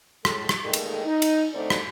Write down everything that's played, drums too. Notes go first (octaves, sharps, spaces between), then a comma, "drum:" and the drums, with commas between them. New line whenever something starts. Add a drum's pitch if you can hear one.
A2 G#3 A4, drum: rim click
drum: rim click
G2 A#2 D3 D#3 G#3 A3
drum: cymbal
D#4
drum: cymbal
D3 A3 C4 D#4 C5 D5
drum: rim click